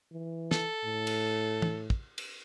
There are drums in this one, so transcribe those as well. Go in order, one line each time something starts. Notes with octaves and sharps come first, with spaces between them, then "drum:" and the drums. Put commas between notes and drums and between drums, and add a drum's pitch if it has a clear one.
E3
A4, drum: snare
A2
drum: cymbal
drum: tom
drum: kick
drum: cymbal